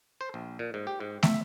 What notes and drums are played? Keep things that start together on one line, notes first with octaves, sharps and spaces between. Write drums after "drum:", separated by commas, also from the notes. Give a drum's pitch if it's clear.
C5
A#1
A#2
G#2
G4
G#2
E5, drum: snare